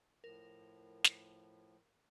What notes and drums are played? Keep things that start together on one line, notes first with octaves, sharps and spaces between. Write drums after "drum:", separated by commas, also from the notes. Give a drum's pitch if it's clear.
A2 F3 A#4
drum: snare